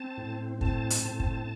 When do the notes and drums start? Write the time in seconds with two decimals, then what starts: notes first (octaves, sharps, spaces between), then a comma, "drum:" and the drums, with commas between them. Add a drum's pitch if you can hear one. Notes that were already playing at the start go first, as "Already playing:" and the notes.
Already playing: C4 A5
0.17 A2
0.61 C4 A5, drum: kick
0.90 drum: hi-hat
1.05 A2
1.20 drum: kick